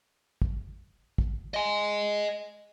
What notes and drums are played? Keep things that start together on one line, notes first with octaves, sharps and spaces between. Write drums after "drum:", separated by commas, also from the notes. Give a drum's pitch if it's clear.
drum: kick
drum: kick
D#5 G#5